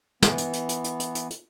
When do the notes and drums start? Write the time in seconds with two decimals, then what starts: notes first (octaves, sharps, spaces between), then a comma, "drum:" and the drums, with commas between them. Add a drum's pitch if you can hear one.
0.22 E3 B3, drum: snare
0.38 drum: hi-hat
0.53 drum: hi-hat
0.69 drum: hi-hat
0.84 drum: hi-hat
1.00 drum: hi-hat
1.15 drum: hi-hat
1.30 drum: hi-hat